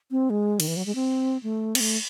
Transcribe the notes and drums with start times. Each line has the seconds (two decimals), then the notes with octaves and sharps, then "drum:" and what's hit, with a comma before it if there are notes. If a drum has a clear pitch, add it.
0.11 C4
0.30 G#3
0.60 D#3, drum: cymbal
0.68 E3
0.77 F#3
0.86 G#3
0.95 C4
1.43 A3
1.75 C4, drum: cymbal
1.80 A3